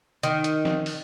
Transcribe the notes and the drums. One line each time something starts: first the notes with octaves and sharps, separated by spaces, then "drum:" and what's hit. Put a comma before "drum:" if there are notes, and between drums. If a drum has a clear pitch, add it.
D#3, drum: hi-hat
drum: hi-hat
drum: snare
drum: open hi-hat